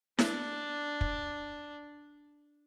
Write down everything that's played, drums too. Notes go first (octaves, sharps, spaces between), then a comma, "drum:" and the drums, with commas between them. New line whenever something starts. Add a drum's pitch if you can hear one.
D4, drum: snare E4
drum: kick